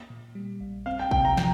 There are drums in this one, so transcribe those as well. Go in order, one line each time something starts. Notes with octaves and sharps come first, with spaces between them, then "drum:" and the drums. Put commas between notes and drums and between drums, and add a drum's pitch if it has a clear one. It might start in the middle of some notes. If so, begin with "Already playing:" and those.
Already playing: A#3
A#2
G3
A#1
C4 F5
G5
C3 G5, drum: kick
A#5
F3 G5, drum: snare